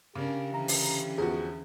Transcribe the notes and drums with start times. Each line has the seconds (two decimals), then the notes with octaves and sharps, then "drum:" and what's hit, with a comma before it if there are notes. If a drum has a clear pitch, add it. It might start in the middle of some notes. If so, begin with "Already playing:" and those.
0.15 C#3 C#4 D4 G4 A#4
0.54 D3 E3 C#4 A#5
0.68 drum: open hi-hat
1.18 E2 F3 F#4 G#4